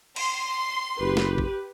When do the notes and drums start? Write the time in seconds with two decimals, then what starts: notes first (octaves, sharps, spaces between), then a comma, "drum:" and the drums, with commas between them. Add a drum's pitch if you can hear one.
0.16 C6, drum: cymbal
0.99 F#1 G4 B4
1.17 drum: snare
1.38 drum: kick